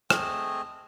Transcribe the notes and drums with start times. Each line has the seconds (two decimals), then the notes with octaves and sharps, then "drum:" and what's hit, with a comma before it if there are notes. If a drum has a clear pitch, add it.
0.10 A3 C4 G#4 D#5, drum: rim click